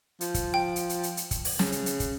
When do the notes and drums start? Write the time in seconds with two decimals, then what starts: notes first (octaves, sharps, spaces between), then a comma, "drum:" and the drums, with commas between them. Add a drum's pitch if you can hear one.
0.21 F3, drum: hi-hat
0.34 drum: kick, hi-hat
0.54 G5
0.76 drum: hi-hat
0.90 drum: hi-hat
1.03 drum: hi-hat
1.17 drum: hi-hat
1.31 drum: kick, hi-hat
1.45 drum: open hi-hat
1.59 C#3, drum: snare
1.72 drum: hi-hat
1.86 drum: hi-hat
2.00 drum: kick, hi-hat